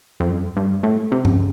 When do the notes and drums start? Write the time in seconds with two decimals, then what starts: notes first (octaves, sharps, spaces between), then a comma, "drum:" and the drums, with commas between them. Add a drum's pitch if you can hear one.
0.20 F2
0.30 F#2
0.57 G2
0.83 A2
1.12 C3
1.25 C#3, drum: tom G2